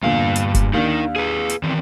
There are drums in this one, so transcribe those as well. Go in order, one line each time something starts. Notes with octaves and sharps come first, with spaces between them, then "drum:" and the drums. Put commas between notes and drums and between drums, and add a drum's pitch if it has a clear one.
E2 G2 A#2 D3 F5
drum: hi-hat
drum: kick F1, hi-hat
D#2 D4 D#4 A#4
G#4 B4
drum: hi-hat
D#3 E3 C4